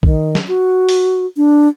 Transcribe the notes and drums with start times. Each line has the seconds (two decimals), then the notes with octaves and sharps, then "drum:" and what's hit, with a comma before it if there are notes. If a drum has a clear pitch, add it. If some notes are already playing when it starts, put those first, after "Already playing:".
0.03 D#3, drum: kick A#1
0.35 drum: snare
0.48 F#4
0.89 drum: open hi-hat
1.37 D4